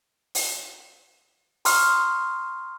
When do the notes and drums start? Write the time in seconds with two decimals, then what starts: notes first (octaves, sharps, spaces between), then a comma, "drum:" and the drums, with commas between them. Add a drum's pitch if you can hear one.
0.35 drum: open hi-hat
1.65 A#5 C6 C#6 D#6 F6, drum: open hi-hat